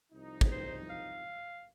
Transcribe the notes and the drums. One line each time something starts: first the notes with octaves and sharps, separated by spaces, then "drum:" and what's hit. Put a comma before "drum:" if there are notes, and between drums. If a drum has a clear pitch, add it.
C2 F3 D#4
drum: kick
C5
F5